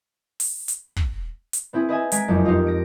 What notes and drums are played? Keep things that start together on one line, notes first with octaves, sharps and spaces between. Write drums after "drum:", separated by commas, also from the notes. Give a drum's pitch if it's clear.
drum: open hi-hat
drum: hi-hat
drum: kick
drum: hi-hat
B3 C4 E4 G#4
B4 D#5 E5 G#5
G#3 G#5 A#5 B6 D7, drum: hi-hat
F#1 F2
D#4 F4 G4 A#4 C5
A#6 D7